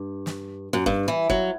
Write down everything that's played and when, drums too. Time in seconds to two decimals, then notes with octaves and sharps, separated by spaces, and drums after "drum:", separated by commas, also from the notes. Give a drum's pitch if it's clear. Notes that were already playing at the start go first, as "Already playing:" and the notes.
Already playing: G2
0.26 drum: snare
0.73 F#2
0.86 G2, drum: kick
1.08 E3
1.30 F#3, drum: kick